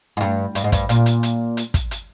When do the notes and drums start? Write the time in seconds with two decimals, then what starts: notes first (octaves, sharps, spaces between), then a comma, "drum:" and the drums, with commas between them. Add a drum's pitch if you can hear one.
0.17 G#2
0.21 G2
0.55 G2, drum: hi-hat
0.64 G#2
0.72 G2, drum: kick, hi-hat
0.89 A#2, drum: hi-hat
1.06 drum: hi-hat
1.23 drum: hi-hat
1.57 drum: hi-hat
1.74 drum: kick, hi-hat
1.91 drum: hi-hat